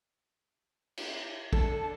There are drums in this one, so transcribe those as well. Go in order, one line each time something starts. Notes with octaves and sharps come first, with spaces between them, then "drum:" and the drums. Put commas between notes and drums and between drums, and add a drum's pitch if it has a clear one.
drum: cymbal
D4 A4 A5, drum: kick